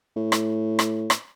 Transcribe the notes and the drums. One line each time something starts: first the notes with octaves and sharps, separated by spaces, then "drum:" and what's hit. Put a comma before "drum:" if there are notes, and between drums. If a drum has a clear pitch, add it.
A2
drum: rim click
drum: rim click
drum: rim click